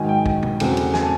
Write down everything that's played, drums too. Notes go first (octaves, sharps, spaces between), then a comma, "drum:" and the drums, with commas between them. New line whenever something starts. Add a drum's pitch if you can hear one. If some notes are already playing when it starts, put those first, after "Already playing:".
Already playing: G#2 D#3 F#3 G#5
G5
drum: kick
drum: tom B2
E2 C#3 F#3 A3 C4, drum: cymbal
drum: cymbal
G#5, drum: snare
A5